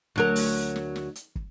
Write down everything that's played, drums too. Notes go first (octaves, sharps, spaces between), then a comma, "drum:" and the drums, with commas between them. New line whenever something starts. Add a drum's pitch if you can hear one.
D2 F#3 A#4
drum: open hi-hat
drum: snare
drum: snare
drum: hi-hat
drum: kick